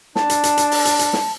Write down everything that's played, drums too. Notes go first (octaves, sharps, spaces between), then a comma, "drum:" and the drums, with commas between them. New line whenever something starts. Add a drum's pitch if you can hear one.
D4 A5, drum: snare
drum: hi-hat
drum: hi-hat
drum: hi-hat
drum: open hi-hat
drum: hi-hat
drum: hi-hat
drum: snare